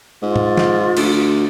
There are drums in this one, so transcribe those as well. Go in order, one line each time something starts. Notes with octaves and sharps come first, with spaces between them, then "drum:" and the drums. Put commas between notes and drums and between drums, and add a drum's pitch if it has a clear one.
G#2 F4
drum: tom
drum: snare
D2, drum: cymbal